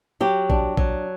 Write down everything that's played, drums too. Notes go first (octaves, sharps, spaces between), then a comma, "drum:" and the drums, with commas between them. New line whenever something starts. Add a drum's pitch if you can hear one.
F#3 G4
D4, drum: kick
F#3, drum: kick